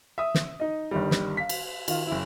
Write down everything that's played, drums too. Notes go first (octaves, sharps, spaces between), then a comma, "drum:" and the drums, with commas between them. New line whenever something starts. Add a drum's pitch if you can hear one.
E5 D#6
drum: snare
D#4 D#5
G1 D#3 G3
drum: snare
F5 B6
drum: cymbal
D#3 F4, drum: cymbal
F#1 E4